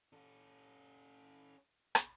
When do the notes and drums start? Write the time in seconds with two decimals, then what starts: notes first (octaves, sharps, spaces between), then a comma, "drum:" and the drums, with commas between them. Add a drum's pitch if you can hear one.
0.13 C#4 A4
1.95 drum: rim click